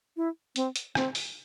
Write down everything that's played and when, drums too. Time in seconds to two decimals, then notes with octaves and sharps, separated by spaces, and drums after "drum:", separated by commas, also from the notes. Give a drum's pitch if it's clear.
0.17 E4
0.56 C4, drum: hi-hat
0.76 drum: hi-hat
0.95 C4, drum: rim click
1.15 drum: open hi-hat